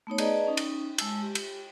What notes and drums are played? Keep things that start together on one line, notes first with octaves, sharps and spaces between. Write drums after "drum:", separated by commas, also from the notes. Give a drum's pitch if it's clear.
A3 B3 D#4 C#5
G#4 B4 D5 D#5 A5 A#5, drum: cymbal
C#4 D#4
drum: cymbal
G#3 A5 E6, drum: cymbal
G4
drum: cymbal